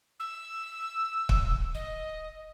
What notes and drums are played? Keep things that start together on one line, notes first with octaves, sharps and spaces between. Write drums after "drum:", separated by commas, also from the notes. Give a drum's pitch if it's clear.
E6
drum: kick
D#5